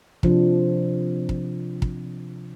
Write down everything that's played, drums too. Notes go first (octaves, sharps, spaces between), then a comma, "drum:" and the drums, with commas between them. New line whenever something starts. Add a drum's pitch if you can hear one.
C3 F3 D4, drum: kick
drum: kick
drum: kick